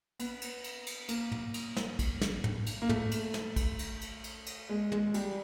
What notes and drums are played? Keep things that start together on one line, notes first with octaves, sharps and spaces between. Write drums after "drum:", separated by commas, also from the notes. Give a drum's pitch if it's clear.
B3, drum: cymbal
drum: cymbal
drum: cymbal
drum: cymbal
A#3, drum: cymbal
drum: tom
drum: cymbal
drum: snare
drum: kick, cymbal
drum: snare
drum: tom
drum: cymbal
A#3
A3, drum: tom
drum: cymbal
drum: snare
drum: kick, cymbal
drum: cymbal
drum: cymbal
drum: cymbal
drum: cymbal
G#3
G#3, drum: tom
G3, drum: cymbal